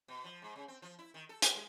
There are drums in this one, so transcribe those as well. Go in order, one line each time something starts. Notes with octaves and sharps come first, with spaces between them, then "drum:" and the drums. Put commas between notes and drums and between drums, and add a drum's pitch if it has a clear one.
B2
F3
G#2
C#3
C4
F3
E4
D#3
A4
G4, drum: hi-hat
G#3